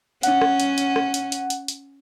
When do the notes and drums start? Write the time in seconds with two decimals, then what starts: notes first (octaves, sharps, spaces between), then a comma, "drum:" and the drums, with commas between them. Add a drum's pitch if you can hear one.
0.23 C#4 F#5, drum: hi-hat
0.41 drum: rim click
0.60 drum: hi-hat
0.78 drum: hi-hat
0.96 drum: rim click
1.14 drum: hi-hat
1.32 drum: hi-hat
1.50 drum: hi-hat
1.68 drum: hi-hat